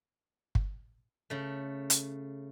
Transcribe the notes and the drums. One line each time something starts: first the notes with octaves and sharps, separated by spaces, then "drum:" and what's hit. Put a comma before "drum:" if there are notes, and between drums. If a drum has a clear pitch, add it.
drum: kick
C#3 A3
drum: hi-hat